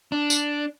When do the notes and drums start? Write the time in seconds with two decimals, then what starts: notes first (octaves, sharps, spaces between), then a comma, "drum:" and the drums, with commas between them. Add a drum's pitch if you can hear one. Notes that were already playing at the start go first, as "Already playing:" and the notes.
0.12 D4
0.30 drum: tambourine